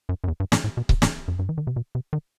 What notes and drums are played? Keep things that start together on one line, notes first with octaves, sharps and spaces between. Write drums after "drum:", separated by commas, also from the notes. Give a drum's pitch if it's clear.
F#2
F#2
E2
G2
A2, drum: snare
A2
B2
C3, drum: kick C#1
A2, drum: snare
F#2
G2
E3
D#3
C3
B2
C3
D#3